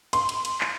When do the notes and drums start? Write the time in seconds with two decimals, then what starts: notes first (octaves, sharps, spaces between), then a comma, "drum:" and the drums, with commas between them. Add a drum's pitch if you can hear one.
0.13 C6, drum: cymbal
0.29 drum: cymbal
0.45 drum: cymbal
0.61 drum: clap